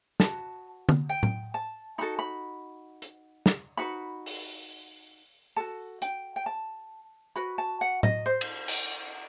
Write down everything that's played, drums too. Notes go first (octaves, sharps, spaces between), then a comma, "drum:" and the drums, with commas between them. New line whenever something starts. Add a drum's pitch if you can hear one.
F#4 B4 A5, drum: snare
drum: tom D3
G5
drum: tom A2
A5
D#4 F#4 A4 B5
B5
drum: hi-hat
drum: snare
D#4 F#4 B4 B5
drum: open hi-hat
F#4 A4 A5
G5, drum: hi-hat
G5
A5
F#4 B4 B5
A5
F#5
D#5, drum: tom A2
C5
drum: cymbal
drum: cymbal